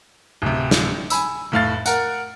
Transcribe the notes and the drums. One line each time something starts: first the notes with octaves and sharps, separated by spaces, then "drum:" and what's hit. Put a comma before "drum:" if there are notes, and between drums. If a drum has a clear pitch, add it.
D1 C3
drum: snare
G#5 B5 E6, drum: tambourine
F1 A2 F5 A6
A#4 F#5, drum: tambourine